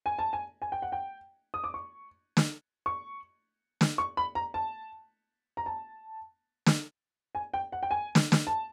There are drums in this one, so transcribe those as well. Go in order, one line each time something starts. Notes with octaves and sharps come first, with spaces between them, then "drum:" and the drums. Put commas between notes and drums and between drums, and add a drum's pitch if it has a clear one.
G#5
A5
G#5
G#5
G5
F#5
G5
D#6
D6
C#6
drum: snare
C#6
drum: snare
C#6
B5
A#5
A5
A#5
A5
drum: snare
G#5
G5
F#5
G5
G#5
drum: snare
drum: snare
A5